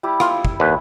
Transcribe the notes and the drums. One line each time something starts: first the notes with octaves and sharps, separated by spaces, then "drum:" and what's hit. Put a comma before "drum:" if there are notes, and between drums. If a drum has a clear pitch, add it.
G3 E4 G4
F4, drum: rim click
drum: kick
D#2 B4